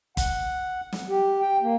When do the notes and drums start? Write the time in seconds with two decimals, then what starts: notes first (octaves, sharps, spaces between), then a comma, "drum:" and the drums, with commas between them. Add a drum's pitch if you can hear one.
0.17 F#5, drum: kick, hi-hat
0.92 drum: snare
1.09 G4
1.41 G5
1.62 A#3